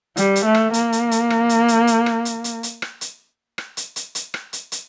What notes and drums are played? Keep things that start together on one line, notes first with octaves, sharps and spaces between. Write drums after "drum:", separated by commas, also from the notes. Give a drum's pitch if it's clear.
G3, drum: hi-hat
drum: hi-hat
A3
drum: rim click
A#3, drum: hi-hat
drum: hi-hat
drum: hi-hat
drum: rim click
drum: hi-hat
drum: hi-hat
drum: hi-hat
drum: rim click
drum: hi-hat
drum: hi-hat
drum: hi-hat
drum: rim click
drum: hi-hat
drum: rim click
drum: hi-hat
drum: hi-hat
drum: hi-hat
drum: rim click
drum: hi-hat
drum: hi-hat